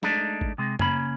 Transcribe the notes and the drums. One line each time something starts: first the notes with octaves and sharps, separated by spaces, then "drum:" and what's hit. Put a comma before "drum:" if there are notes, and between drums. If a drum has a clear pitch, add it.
G#3 A3 D4 D#4, drum: snare
drum: kick G#1
C3 G#3
C#3 A#3 C#4 B5, drum: tom